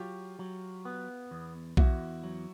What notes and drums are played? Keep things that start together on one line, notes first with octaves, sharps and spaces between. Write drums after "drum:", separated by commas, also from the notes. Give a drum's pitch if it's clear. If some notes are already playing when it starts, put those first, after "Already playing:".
Already playing: F#3 F4 G4
F#3
B3
E2
E2 E4 F#4, drum: kick B1
F#3